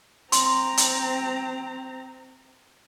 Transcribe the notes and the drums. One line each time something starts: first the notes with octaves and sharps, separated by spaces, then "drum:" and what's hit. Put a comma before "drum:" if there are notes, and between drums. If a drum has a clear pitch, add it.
C4 A#5 C6, drum: hi-hat
drum: hi-hat